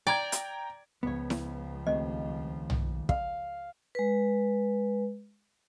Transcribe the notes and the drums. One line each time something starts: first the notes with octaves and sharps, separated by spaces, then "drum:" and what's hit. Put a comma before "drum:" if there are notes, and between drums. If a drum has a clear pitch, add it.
D5 G5 A#5 G#6
drum: hi-hat
C#2 F3 B3 C#5
drum: snare E4
D#2 A3 C4 D#5
drum: tom
F5, drum: kick
G#3 B4